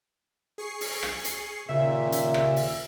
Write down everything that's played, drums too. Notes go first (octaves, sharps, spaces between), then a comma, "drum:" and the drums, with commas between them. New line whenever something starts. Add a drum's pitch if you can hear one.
G#4 C#6 C7
drum: open hi-hat
drum: rim click
drum: hi-hat
D#2 A#2 C#3 E5
drum: hi-hat
drum: rim click
drum: open hi-hat